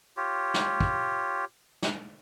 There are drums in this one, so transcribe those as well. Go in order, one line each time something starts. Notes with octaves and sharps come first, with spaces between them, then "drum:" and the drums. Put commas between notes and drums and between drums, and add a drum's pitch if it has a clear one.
F4 G4 C#5
drum: snare
drum: kick
drum: snare